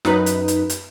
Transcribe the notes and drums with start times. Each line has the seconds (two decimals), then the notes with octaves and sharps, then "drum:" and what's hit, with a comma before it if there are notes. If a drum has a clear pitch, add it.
0.05 F#2 D#4 B4, drum: snare
0.26 drum: hi-hat
0.48 drum: hi-hat
0.70 drum: hi-hat